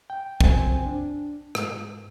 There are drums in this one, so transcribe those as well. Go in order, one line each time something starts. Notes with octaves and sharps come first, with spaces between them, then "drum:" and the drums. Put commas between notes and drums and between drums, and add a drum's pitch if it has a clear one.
G5
C#2 F#2 C4 C5 G5 G#5, drum: kick
D4
G#2, drum: rim click